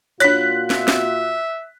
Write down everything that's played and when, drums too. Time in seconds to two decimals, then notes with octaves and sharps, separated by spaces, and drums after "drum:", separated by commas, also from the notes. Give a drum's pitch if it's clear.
0.20 A#2 D4 F4 F#4 C#5 F#6 B6, drum: hi-hat
0.70 E5, drum: snare
0.88 drum: snare